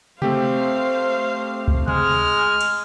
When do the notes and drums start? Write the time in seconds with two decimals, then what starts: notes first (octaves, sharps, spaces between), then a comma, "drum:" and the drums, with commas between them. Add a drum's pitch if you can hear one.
0.22 A3 C4 G4 C5 F5, drum: tom C3
1.68 drum: kick C#2
1.88 G#3 F6, drum: tom C3
2.61 drum: cymbal